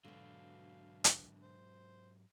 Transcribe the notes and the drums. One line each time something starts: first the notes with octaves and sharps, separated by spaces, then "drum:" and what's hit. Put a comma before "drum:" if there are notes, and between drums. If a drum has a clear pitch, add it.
G#2 B2 D3 F#3 F5
drum: hi-hat
C5